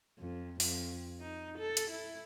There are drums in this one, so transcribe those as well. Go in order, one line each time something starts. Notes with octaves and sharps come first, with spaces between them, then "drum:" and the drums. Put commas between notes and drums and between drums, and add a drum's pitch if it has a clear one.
F2
F2, drum: open hi-hat
D#4
A4
drum: hi-hat
E4